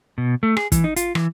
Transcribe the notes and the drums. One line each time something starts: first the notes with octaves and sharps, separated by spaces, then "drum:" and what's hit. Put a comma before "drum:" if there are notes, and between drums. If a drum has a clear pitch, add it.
B2
A3
G#4, drum: rim click
E3, drum: kick, hi-hat
D#4
F4, drum: hi-hat
E3, drum: rim click